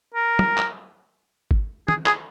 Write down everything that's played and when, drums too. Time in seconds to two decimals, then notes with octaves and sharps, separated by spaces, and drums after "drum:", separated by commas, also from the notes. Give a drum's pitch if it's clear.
0.15 A#4
0.39 drum: tom
0.58 drum: clap
1.51 drum: kick G#1
1.88 G#4, drum: tom
2.06 G#4, drum: clap